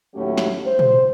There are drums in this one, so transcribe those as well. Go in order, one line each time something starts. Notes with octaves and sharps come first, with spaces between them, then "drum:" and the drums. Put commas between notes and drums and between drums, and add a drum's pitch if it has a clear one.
D#2 A2 F#3 A3 C#4 G4
drum: snare
C5
drum: tom A#2